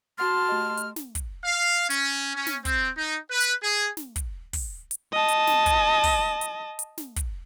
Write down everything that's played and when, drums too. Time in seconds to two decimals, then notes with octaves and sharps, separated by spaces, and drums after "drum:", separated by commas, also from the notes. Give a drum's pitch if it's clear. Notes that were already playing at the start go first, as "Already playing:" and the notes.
0.18 F#4 F#5 A5 C6 F6 A6
0.49 A3 G4 D#5
0.77 drum: hi-hat
0.96 drum: snare
1.15 drum: kick, hi-hat
1.45 F5
1.90 C#4, drum: hi-hat
2.36 C#4
2.47 drum: snare
2.65 C4, drum: kick, hi-hat
2.98 D#4
3.31 B4
3.40 drum: hi-hat
3.63 G#4
3.97 drum: snare
4.16 drum: kick, hi-hat
4.53 drum: kick, open hi-hat
4.91 drum: hi-hat
5.13 D#5 A5
5.28 drum: hi-hat
5.47 drum: snare
5.66 drum: kick, hi-hat
6.04 drum: kick, open hi-hat
6.41 drum: hi-hat
6.79 drum: hi-hat
6.98 drum: snare
7.16 drum: kick, hi-hat